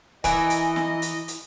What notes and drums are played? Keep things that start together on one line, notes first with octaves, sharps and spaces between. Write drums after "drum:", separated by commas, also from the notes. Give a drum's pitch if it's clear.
E3 E4 A#4 D#5 E5 G#5, drum: kick C#1, hi-hat
drum: hi-hat
drum: snare
drum: hi-hat
drum: hi-hat